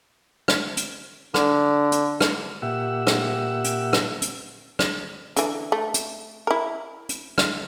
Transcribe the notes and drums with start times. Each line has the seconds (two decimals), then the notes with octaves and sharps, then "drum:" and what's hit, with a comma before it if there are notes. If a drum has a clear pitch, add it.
0.48 drum: rim click
0.77 drum: hi-hat
1.34 D3, drum: rim click
1.92 drum: hi-hat
2.21 drum: rim click
2.62 A#2 G4 E5 F#5 E6
3.07 drum: rim click
3.64 drum: hi-hat
3.93 drum: rim click
4.22 drum: hi-hat
4.79 drum: rim click
5.36 D3 E3, drum: hi-hat
5.72 A3
5.94 drum: hi-hat
6.47 E4 A#4
7.09 drum: hi-hat
7.38 drum: rim click